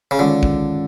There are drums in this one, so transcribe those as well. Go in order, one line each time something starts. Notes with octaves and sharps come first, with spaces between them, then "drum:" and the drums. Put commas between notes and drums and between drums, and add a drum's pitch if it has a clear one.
C#3
D3 D#3 G#3 C#4 F4
drum: kick